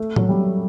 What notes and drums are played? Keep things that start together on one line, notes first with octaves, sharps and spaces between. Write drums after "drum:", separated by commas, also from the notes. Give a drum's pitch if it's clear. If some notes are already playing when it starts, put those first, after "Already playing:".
Already playing: A3
F#3, drum: tom
G3